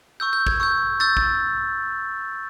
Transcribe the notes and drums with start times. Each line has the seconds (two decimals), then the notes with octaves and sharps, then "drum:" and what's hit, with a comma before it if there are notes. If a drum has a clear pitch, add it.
0.20 C#6 E6 G6
0.33 G6
0.47 G#6, drum: kick
0.60 C#6 E6 G6
1.00 C#6 E6 G6 A6
1.17 drum: kick